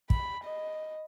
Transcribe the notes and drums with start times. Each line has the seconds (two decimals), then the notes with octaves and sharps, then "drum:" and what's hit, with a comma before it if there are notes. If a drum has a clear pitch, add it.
0.10 B5, drum: kick
0.44 D#5